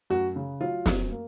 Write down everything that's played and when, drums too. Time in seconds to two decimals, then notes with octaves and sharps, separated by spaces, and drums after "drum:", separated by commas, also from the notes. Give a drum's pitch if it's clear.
0.10 F#2 F#4
0.36 C#3
0.61 F#3 F4
0.86 F#2, drum: snare
1.11 A#3